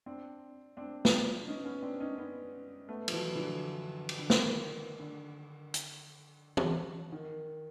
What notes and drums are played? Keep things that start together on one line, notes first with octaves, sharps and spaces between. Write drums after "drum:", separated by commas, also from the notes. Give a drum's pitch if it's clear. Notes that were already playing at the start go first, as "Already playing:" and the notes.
C4 D4
C4 D4
drum: snare
D4
C#4 D#4
B3 C#4
C4 D4
C#4 D#4
B3 C#4
A3 B3
F3, drum: cymbal
E3 F#3
D3 E3
drum: cymbal
D3
D#3, drum: snare
D3
drum: hi-hat
drum: tom
D#3